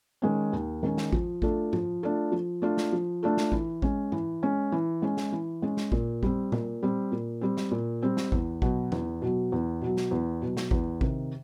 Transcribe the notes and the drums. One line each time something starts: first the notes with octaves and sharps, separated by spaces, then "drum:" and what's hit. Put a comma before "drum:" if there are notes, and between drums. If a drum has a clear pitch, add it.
D#3 G#3 C#4
D#2
D#3 G#3 C#4
drum: snare
F3, drum: kick A1
A3 D4 F4 A4, drum: kick A1
F3, drum: tom
A3 D4 F4 A4
F3
A3 D4 F4 A4
drum: snare
F3
A3 D4 F4 A4
drum: snare
E3, drum: kick A1
G#3 C#4, drum: kick A1
E3, drum: tom
G#3 C#4
E3
G#3 C#4
drum: snare
E3
G#3 C#4
drum: snare
A#2, drum: kick A1
G3 C4, drum: kick A1
A#2, drum: tom
G3 C4
A#2
G3 C4
drum: snare
A#2
G3 C4
drum: snare
E2, drum: kick A1
B2 F#3, drum: kick A1
E2, drum: tom E3
B2 F#3
E2
B2 F#3
drum: snare
E2
B2 F#3
drum: snare
E2, drum: kick A1
C3 D#3, drum: kick A1